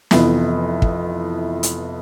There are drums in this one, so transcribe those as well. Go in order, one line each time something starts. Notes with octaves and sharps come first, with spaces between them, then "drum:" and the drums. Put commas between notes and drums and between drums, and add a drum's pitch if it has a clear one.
F1 F2 E3 B3, drum: snare
drum: kick
drum: hi-hat